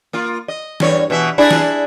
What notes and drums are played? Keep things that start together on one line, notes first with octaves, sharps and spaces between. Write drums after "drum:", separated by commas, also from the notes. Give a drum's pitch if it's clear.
A#3 F4
D#5
E2 G2 C#5, drum: snare
B2 E3 E5
D4 E4 G#4
drum: snare